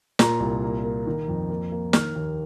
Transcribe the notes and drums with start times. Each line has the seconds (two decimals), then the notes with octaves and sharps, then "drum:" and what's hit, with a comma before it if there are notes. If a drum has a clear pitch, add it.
0.19 A#2 A#5, drum: snare
0.40 C2
0.62 A#3
0.84 A#3
1.07 D#3
1.28 F2
1.50 A#3
1.72 A#3
1.93 D#3 F6, drum: snare
2.15 D#2